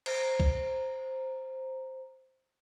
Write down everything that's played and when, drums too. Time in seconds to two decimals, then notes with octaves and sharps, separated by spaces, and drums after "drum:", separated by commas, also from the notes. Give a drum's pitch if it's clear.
0.06 C5 A#5, drum: cymbal
0.40 drum: kick